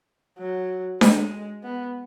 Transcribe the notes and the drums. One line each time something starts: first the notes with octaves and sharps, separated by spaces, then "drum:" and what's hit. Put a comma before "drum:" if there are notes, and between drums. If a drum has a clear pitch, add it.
F#3
G#3, drum: snare D4
B3